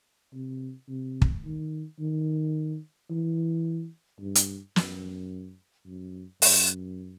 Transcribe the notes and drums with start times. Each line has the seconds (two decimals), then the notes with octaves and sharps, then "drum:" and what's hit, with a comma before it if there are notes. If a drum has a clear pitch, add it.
0.33 C3
0.88 C3
1.22 drum: kick
1.44 D#3
2.00 D#3
3.10 E3
4.20 G2
4.35 drum: hi-hat
4.76 F#2, drum: snare
5.86 F#2
6.42 F#2, drum: open hi-hat